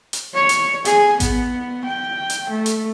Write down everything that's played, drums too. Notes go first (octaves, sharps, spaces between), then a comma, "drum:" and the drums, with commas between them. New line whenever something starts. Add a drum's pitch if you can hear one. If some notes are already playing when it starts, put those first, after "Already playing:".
drum: hi-hat
C#5
drum: hi-hat
G#4, drum: hi-hat
B3, drum: kick A1, hi-hat
G5
drum: hi-hat
A3
drum: hi-hat